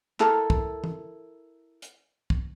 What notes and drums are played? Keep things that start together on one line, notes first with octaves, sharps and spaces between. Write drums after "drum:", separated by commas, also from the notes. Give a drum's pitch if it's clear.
E4 A4 A#4, drum: clap
drum: kick
drum: tom E3
drum: hi-hat
drum: kick